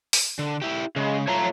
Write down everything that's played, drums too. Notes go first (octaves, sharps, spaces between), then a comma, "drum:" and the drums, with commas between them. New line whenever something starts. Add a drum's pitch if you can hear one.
drum: open hi-hat
D3
E4 G4
C#3 G#3
A3 F4 C#5 A#5